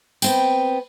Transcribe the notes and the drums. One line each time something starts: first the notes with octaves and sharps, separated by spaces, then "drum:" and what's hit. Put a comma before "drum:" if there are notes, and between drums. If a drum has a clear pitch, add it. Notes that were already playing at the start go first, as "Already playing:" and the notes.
B3 C4 G5, drum: tambourine